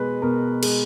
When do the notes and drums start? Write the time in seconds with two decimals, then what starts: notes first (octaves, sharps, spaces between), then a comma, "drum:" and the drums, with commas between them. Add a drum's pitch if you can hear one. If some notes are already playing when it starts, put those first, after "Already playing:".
Already playing: B2 G#3 B4
0.22 B2 A#4
0.63 G#3, drum: cymbal